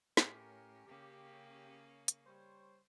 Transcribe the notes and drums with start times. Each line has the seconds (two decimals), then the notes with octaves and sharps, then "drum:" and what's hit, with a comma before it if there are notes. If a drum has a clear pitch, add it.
0.17 A2 C#4 G4 A#4, drum: snare
0.86 C#3 A#3 C#4 G4
2.08 drum: hi-hat
2.25 G3 C5 C#5